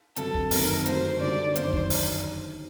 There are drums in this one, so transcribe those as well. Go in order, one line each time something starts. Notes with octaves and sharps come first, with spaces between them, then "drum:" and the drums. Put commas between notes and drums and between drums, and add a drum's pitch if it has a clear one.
G2 D3 F#3 C4 A4, drum: hi-hat
drum: kick
F#1 F#2 D#3 F#3 C4 A#4, drum: open hi-hat
G2 D3 A3 D4 F#4 C5, drum: hi-hat
G2 D3 G3 D4 F#4 D5
F#1 F#2 D#3 F#3 C5, drum: hi-hat
drum: kick
drum: open hi-hat